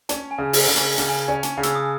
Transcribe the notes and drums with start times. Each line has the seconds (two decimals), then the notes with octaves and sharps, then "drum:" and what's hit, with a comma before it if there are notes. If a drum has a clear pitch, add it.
0.09 C#4 A5, drum: hi-hat
0.31 G#5
0.38 C#3
0.53 drum: open hi-hat
0.68 C#3
0.76 A5, drum: hi-hat
0.98 C#3 A5, drum: hi-hat
1.08 G#5
1.28 C#4 G#5
1.43 A5, drum: hi-hat
1.57 C#3
1.63 E6, drum: hi-hat
1.75 D#6